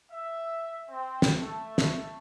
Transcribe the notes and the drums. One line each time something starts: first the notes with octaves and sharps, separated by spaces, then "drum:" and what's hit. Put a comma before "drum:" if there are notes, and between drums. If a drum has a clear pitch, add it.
E5
C4
drum: snare
A3
drum: snare